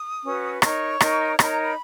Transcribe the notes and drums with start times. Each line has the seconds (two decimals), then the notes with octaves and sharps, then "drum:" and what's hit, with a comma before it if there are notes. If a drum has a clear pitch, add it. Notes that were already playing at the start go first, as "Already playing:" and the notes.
Already playing: D#6
0.24 C#4 F#4 B4
0.62 D#4 A#4 C#5 C#6, drum: rim click
1.01 D#4 A#4 C#5, drum: rim click
1.39 D#4 A#4 C#5 B5, drum: rim click
1.50 A#5
1.62 B5